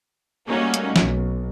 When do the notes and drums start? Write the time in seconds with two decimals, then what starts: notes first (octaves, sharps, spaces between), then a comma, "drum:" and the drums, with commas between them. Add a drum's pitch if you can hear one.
0.48 G3 A3 A#3 C#4 D#4 F#4
0.74 drum: hi-hat
0.96 B1, drum: snare